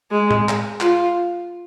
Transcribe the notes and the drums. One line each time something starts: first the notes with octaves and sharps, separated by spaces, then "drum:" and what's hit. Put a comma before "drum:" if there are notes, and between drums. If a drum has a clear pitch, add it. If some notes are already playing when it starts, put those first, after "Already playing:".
G#3
drum: tom A2
drum: clap
F4, drum: clap